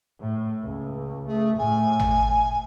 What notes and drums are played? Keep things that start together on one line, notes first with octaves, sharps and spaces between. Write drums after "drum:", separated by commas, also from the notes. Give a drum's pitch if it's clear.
A2
C#2
A3 G#4
A2 G#5
drum: tom G#1